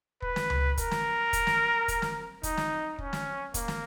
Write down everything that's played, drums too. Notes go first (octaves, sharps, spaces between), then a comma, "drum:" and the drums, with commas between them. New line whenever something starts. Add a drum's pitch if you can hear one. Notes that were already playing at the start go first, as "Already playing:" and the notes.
B4, drum: kick
drum: snare
drum: tom C#2
A#4, drum: kick, hi-hat
drum: snare
drum: kick, hi-hat
drum: snare
drum: kick, hi-hat
drum: snare
D#4, drum: kick, hi-hat
drum: snare
C#4, drum: kick
drum: snare
A#3, drum: kick, hi-hat
drum: snare